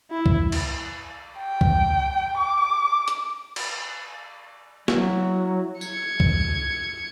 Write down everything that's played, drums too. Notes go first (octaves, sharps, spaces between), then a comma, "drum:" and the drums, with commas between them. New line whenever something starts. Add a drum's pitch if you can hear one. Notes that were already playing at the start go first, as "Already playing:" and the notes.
E4
drum: kick C2
drum: cymbal
G5
drum: kick C2
D6
drum: hi-hat
drum: cymbal
F#3 E4 F#4, drum: snare
G#6 C#7, drum: tambourine
drum: kick C2